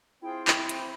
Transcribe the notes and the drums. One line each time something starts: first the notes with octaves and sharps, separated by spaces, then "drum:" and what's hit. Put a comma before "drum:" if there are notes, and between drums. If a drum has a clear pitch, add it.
C4 E4 F4 G#4 G5
E4 G4 G5 B5, drum: clap
drum: hi-hat